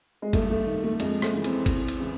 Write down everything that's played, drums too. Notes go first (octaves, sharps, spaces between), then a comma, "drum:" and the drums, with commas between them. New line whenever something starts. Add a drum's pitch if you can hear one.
G#3
G2 A3, drum: kick G#1, cymbal
A3
D#3
A3
F2 G#3, drum: cymbal
A3, drum: rim click
C#3 E3
C4, drum: cymbal
E2, drum: kick G#1, cymbal
drum: cymbal
C#3 E3